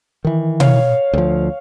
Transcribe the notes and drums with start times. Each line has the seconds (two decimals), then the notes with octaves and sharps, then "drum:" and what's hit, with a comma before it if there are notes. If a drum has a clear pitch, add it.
0.24 D#3 E3
0.60 C#5 F5, drum: tom B2
1.13 D2 F3